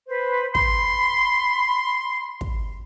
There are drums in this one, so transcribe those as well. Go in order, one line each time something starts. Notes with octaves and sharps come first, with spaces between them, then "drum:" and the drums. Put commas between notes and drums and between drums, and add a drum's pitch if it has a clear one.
B4 C5
B5 C6, drum: kick
drum: kick